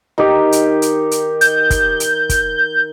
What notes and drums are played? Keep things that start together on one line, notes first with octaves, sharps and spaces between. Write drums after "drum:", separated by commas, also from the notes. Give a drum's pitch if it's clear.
D#3 D#4 G4
drum: hi-hat
drum: hi-hat
drum: hi-hat
G6, drum: hi-hat
drum: kick, hi-hat
drum: hi-hat
drum: kick, hi-hat